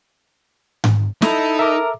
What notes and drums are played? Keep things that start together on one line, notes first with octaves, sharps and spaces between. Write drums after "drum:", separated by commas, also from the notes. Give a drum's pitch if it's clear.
drum: tom G#2
D#4 E4 A4, drum: snare
A#4 E5 A#5 D6